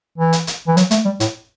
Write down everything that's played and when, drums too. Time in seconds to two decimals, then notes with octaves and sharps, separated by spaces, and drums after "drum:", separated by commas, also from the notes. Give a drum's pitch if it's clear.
0.18 E3
0.33 drum: hi-hat
0.47 drum: hi-hat
0.67 E3
0.77 F#3, drum: hi-hat
0.91 A3, drum: hi-hat
1.05 G3
1.20 A2, drum: hi-hat